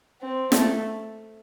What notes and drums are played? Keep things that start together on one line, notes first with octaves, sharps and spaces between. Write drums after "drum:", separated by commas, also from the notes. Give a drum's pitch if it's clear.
C4
A3, drum: snare